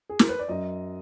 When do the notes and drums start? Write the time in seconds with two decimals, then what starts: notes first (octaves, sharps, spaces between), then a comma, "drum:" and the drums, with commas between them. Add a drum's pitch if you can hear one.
0.10 G#4
0.19 A#4, drum: snare
0.29 B4
0.39 D5
0.48 F#2 D#5